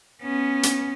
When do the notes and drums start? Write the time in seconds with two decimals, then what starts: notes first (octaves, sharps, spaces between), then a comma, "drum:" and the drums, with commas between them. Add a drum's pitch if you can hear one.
0.22 B3 C#4
0.63 drum: hi-hat